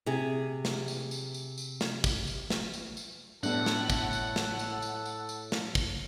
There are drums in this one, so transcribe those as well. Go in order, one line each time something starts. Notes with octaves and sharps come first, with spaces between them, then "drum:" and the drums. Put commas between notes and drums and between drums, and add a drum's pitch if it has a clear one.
C3 G#4
drum: snare
drum: tambourine
drum: tambourine
drum: tambourine
drum: tambourine
drum: snare
drum: kick, tambourine
drum: tambourine
drum: snare
drum: tambourine
drum: tambourine
A2 G3 B3 D4 A4 F#5, drum: tambourine
drum: snare
drum: kick, tambourine
drum: tambourine
drum: snare
drum: tambourine
drum: tambourine
drum: tambourine
drum: tambourine
drum: snare
drum: kick, tambourine